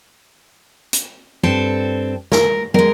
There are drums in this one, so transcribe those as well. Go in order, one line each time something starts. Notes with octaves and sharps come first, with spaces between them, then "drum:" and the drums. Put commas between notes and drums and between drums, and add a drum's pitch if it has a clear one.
drum: hi-hat
G2 C4 A4
A#4, drum: snare
G#3 A#4, drum: tom